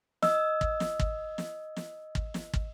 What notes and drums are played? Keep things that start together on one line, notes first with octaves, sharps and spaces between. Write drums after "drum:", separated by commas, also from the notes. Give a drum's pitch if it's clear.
D#5 E6, drum: snare
drum: kick
drum: snare
drum: kick
drum: snare
drum: snare
drum: kick
drum: snare
drum: kick